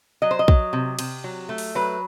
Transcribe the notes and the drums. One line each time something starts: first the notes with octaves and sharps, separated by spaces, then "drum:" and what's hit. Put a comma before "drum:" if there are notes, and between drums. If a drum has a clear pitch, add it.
F#3 D#5
C5
D#5
F#3, drum: kick
C3
C3, drum: cymbal
F#3
A3
drum: open hi-hat
F#3 B4